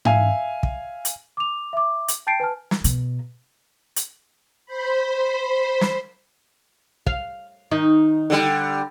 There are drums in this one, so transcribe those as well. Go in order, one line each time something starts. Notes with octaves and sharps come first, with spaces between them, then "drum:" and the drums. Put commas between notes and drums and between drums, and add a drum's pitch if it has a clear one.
E5 F5 G#5, drum: tom G#2
drum: kick
drum: hi-hat
D6 F7
E5 D6
drum: hi-hat
G5 A5 G6 A6 C7 D7
B4 G#5 A5 F6
drum: snare
B2, drum: hi-hat
drum: hi-hat
C5 B5
drum: snare
F5, drum: kick
D#3 D#4
D3 G3